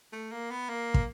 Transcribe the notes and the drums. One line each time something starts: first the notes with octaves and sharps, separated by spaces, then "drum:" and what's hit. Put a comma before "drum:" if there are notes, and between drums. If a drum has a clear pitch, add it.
A3
A#3
B3
A#3
drum: kick